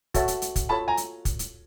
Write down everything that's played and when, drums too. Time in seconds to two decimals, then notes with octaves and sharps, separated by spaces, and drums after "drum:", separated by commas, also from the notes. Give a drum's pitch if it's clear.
0.14 F#4 A4 C#5 E5 A5, drum: kick, hi-hat
0.28 drum: hi-hat
0.42 drum: hi-hat
0.56 drum: kick, hi-hat
0.69 F4 A4 C#5 A5 B5
0.88 G#5 A#5
0.97 drum: hi-hat
1.25 drum: kick, hi-hat
1.39 drum: hi-hat